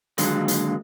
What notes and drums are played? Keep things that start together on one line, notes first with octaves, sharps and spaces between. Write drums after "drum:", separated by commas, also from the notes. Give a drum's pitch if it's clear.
D#2 D3 F#3 G#3 A#3, drum: hi-hat
drum: hi-hat